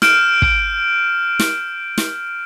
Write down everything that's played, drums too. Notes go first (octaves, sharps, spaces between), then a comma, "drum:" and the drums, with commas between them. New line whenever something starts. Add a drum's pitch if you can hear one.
F6 G6 D7 E7, drum: snare
drum: kick
drum: snare
drum: snare